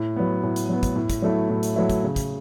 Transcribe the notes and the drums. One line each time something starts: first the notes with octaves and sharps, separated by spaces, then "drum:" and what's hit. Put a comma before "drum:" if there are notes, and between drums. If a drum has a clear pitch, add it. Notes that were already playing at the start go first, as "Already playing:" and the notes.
Already playing: A2
F#3 B3
A2
drum: hi-hat
F#3 B3
drum: kick, hi-hat
A2
drum: kick, hi-hat
F#3 A3 E4
A2
drum: hi-hat
F#3 A3 E4
drum: kick, hi-hat
C#3
drum: kick, hi-hat